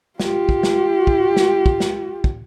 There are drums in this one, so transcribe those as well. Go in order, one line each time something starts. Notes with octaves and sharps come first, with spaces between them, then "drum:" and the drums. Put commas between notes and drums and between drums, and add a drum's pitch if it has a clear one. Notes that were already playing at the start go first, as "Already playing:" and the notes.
F4 G4, drum: snare
drum: kick
drum: snare
drum: kick
drum: snare
drum: kick
drum: snare
drum: kick